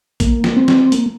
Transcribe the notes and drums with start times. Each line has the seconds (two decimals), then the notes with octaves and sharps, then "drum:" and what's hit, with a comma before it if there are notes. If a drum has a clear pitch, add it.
0.20 A#3, drum: kick A#1, hi-hat
0.44 drum: snare
0.57 C4
0.68 drum: snare
0.92 A#3, drum: hi-hat